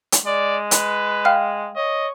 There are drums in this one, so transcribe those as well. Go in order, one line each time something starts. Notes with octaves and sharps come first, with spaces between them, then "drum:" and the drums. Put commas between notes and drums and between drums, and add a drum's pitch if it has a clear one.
drum: hi-hat
G#3 D5
B4, drum: hi-hat
F5 G5 F6
C#5 D#5